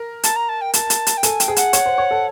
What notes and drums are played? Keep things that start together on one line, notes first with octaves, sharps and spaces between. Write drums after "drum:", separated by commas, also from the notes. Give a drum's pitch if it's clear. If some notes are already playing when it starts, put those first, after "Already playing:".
Already playing: A#4
A5, drum: hi-hat
A#5
A5
G5
A5, drum: hi-hat
drum: hi-hat
drum: hi-hat
G5
A4 G#5, drum: hi-hat
G5, drum: hi-hat
G#4
F#5, drum: hi-hat
C#5, drum: hi-hat
C5
C#5
A4